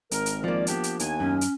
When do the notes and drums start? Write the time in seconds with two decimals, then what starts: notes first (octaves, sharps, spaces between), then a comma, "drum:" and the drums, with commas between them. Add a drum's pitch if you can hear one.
0.11 G#1 A#4, drum: hi-hat
0.26 drum: hi-hat
0.44 F3 A#3 D5
0.67 B3 D4 G4, drum: hi-hat
0.84 drum: hi-hat
0.99 D#2 B3 D4 G#5, drum: hi-hat
1.20 F#2 C#4
1.41 drum: hi-hat